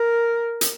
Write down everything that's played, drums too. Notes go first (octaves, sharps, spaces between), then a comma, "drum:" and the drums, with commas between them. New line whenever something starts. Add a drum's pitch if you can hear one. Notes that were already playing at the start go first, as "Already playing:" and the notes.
Already playing: A#4
drum: hi-hat